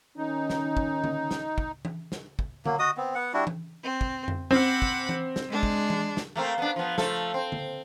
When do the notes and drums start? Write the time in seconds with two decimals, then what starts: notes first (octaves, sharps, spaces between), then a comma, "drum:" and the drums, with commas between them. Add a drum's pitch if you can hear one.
0.17 D#3 C#4 D#4
0.50 drum: snare
0.77 drum: kick
1.04 drum: tom D3
1.31 drum: snare
1.58 drum: kick
1.85 drum: tom E3
2.12 drum: snare
2.39 drum: kick
2.66 F#3 A#3, drum: tom D3
2.79 F#4 D#5 D#6
2.97 B3 C4
3.15 B3 F#5
3.34 G3 D4 E4 F#4
3.47 drum: tom E3
3.82 C4
4.01 drum: kick
4.28 drum: tom F2
4.51 C4 F#5 B5 D6
4.82 drum: kick
5.09 drum: tom E3
5.36 drum: snare
5.49 G#3 D4
5.63 drum: kick
5.90 drum: tom E3
6.17 drum: snare
6.36 A3 A#3 C4
6.58 B3 D4
6.76 F3 B3
6.98 F3 A3 A4, drum: snare
7.34 C4
7.52 drum: tom D3